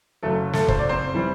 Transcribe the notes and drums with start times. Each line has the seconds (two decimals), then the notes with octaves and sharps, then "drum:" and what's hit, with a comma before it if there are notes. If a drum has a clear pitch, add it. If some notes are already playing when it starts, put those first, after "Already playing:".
0.23 F#1 F#2 F#3 A3 A4
0.53 A3 A4, drum: snare
0.68 C5, drum: kick
0.79 D5
0.89 C4 C5
1.15 E3 G3